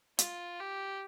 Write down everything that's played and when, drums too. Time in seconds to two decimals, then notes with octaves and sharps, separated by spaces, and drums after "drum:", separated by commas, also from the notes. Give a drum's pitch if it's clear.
0.19 F4, drum: hi-hat
0.60 G4